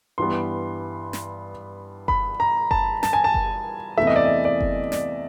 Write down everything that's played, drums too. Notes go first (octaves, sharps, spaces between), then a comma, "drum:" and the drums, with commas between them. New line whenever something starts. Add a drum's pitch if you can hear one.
G2 E3 G3 B3 C6
drum: snare
B5, drum: kick F#1
A#5
A5, drum: kick F#1
A5, drum: snare
G#5
A5
drum: kick F#1
E2 C3 E3 A3 E5
D#5
D5
D#5
D5
drum: kick F#1
D5, drum: snare